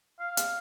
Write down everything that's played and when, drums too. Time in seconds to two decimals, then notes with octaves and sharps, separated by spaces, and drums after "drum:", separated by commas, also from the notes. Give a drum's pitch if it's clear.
0.20 F5
0.37 drum: hi-hat